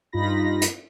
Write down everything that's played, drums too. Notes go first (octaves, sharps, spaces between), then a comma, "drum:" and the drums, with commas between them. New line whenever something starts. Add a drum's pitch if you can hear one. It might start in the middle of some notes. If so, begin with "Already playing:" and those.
G2 D#4 F4 B5 A#6
drum: hi-hat